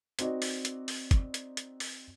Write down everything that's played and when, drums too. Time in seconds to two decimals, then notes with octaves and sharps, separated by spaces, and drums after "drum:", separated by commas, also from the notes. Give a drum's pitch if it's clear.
0.19 C4 D#4 F#4 D5 D#5, drum: hi-hat
0.42 drum: open hi-hat
0.65 drum: hi-hat
0.88 drum: open hi-hat
1.11 drum: kick, hi-hat
1.34 drum: hi-hat
1.57 drum: hi-hat
1.80 drum: open hi-hat